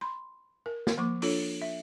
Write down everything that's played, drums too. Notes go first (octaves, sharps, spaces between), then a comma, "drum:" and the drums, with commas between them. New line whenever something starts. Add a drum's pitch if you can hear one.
B5 C6
A#4
drum: snare
F3 A#3 C#6 D6
D4 F4 A4 C#5, drum: open hi-hat
E5